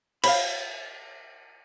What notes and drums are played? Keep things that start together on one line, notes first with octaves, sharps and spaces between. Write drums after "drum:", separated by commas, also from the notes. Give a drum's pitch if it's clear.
F5 B5, drum: cymbal